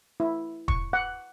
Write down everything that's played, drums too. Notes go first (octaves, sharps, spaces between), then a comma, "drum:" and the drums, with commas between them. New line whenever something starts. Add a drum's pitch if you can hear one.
E4
C#6, drum: kick
F#5